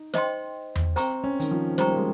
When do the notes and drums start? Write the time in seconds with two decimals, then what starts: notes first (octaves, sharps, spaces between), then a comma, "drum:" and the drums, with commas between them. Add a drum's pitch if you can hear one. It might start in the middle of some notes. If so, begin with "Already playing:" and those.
Already playing: D#4
0.14 C5 D#5 G5 C6, drum: snare
0.76 drum: tom E2
0.96 C4 C5 G5 A#5 C#6, drum: hi-hat
1.24 C#4
1.40 D#3, drum: hi-hat
1.51 F3
1.78 G3 C5 G5 A#5 C#6, drum: snare
1.89 A#3
1.96 G#3